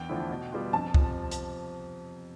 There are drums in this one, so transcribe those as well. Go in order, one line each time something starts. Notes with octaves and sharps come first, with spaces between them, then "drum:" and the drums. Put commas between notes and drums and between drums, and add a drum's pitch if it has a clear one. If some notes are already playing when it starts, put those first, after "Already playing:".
Already playing: E2 G5
D3 F3 A3 E4
B2
G3 B3 F4
F2 A5
C3 F3, drum: kick C2
drum: hi-hat